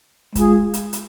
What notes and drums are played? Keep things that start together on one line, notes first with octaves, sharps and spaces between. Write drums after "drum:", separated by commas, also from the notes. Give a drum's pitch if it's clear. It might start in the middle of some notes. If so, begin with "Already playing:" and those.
G#3 F4 G#4, drum: kick, hi-hat
drum: hi-hat
drum: hi-hat